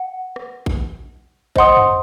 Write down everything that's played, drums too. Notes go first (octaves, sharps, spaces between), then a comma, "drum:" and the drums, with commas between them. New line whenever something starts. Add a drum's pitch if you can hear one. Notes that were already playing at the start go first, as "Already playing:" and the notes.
Already playing: F#5
drum: rim click
drum: kick A1
C5 D#5 F#5 C6 D#6, drum: kick A1
drum: tom F2